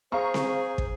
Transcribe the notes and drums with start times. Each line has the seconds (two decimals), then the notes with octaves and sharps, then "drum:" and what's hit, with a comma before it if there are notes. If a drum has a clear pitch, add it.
0.12 G#4 C5 F5 A#5 C#6
0.34 drum: snare C4
0.78 drum: kick